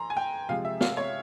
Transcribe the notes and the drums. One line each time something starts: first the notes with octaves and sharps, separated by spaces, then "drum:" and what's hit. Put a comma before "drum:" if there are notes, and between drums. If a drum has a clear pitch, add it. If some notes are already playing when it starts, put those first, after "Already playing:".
Already playing: E3 A#5 C6
G#5
G5
C3 F3 G#3 F5
E5
F5, drum: snare
C#5